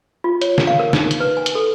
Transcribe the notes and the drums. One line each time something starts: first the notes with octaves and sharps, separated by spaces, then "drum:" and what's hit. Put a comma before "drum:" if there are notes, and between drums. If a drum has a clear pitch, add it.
F4
C#5, drum: hi-hat
drum: snare
F5
A#4
D#4, drum: snare
drum: hi-hat
B4
G#5
drum: hi-hat
A4